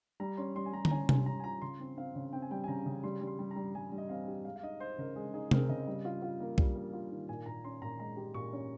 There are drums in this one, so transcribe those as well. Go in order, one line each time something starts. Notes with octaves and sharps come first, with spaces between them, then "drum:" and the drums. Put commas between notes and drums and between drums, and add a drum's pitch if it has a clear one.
G3 A#5
C#4 C6
G3 C6
G#5
G3 A#5
A#5, drum: tom D3
C#4 G#5
G3 G#5, drum: tom C3
C#4 A#5
G#5
F4 A#5
C#3 C6
C4
C4 F5
C#3
C4 G5
G#5
G3 G5
G#5
C#3 A#5
C#3
G3 C6
G3
C6
G3
A#5
G3
G3 G#5
G3
D#5
C4 F5
G4
G#3 F5
F5
D#4 D#5
D#4 C5
C#3 A#4
G#3 G#4
D#4 G#4
C4 A#4, drum: tom C3
C#3 D#5
G3
F4
F4
A#3
G3, drum: kick B1
A#3
F4
D#3
A#2 G#5
A#2 A#5
C#4 C6
A#2 A#5
G#3 A#5
G4
A#2 C#6
C#4